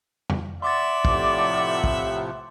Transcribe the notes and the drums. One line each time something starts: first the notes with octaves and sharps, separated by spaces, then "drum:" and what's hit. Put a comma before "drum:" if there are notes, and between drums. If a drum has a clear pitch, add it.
drum: tom F2
D5 E5 F#5 C6 D6 A6
A2 C3 F3, drum: kick
drum: kick